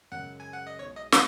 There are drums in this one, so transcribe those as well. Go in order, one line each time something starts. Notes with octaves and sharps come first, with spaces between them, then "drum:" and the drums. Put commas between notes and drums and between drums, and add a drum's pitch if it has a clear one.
F#2 C#3 G#3 F#5
G#5
F#5
D#5
B1 B2 G#3 C#5
D#5
F#5, drum: snare